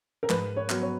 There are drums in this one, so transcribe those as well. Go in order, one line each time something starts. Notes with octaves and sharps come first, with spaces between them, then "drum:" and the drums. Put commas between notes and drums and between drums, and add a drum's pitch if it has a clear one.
A#4
G#2 B4, drum: clap
C#5
F#3 B3, drum: clap
C#5